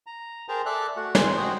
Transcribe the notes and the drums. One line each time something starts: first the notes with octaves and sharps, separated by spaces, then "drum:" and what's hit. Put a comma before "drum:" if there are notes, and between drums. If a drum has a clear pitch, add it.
A#5
G#4 A#4 C5 G5 A5 A#5
A4 D5 E5 F#6
A3 F#4 F#5
C4 C5 G#5 C6, drum: snare
F#4 C5 D#5 G5